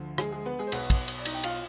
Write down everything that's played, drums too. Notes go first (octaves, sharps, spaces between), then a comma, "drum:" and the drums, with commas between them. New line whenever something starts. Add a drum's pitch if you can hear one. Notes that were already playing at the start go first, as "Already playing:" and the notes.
Already playing: D2 D3 F3
G#3 G#4, drum: rim click
G#3 G#4
B3 B4
G#3 G#4
C5
B1 B2 B3 B4, drum: cymbal
drum: kick, cymbal
drum: cymbal
D5
D#4 D#5, drum: cymbal
G5
F4 F5, drum: cymbal